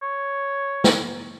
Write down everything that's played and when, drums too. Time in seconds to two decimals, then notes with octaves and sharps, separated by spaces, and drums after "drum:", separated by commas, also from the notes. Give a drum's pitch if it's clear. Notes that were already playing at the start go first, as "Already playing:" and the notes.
0.02 C#5
0.84 drum: snare